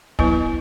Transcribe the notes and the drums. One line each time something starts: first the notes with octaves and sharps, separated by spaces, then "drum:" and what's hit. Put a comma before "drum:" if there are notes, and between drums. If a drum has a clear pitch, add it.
F#3 B3 E4 B4, drum: kick